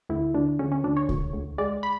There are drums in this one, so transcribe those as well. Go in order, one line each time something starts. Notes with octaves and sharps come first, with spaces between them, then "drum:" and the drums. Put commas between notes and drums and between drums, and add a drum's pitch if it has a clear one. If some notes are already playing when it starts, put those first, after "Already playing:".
D2 E4
D2 D4
D2 C#4
C#4
D2 D4
C#5
D2, drum: kick C2
D2
G#3 D5
B5